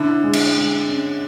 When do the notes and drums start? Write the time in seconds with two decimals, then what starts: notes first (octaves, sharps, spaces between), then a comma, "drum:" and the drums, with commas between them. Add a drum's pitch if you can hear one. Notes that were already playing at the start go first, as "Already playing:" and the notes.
Already playing: D3 C#4 E4
0.24 G#3
0.33 drum: cymbal
0.56 G#3
0.88 C#4